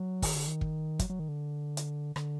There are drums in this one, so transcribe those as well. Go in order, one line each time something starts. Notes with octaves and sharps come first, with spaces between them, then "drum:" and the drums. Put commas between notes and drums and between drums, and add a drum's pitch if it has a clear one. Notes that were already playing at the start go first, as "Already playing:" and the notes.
Already playing: F#3
D#3, drum: kick, open hi-hat
D3
D#3
drum: kick
F#3, drum: kick, hi-hat
F#3
D#3
D3
drum: hi-hat
D3, drum: rim click